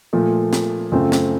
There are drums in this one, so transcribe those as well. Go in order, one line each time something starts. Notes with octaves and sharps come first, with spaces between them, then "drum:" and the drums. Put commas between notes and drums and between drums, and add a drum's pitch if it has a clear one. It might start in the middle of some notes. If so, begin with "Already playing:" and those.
A#2 F3 A3
drum: snare
F#2 C#3 A3 C4 F4
drum: snare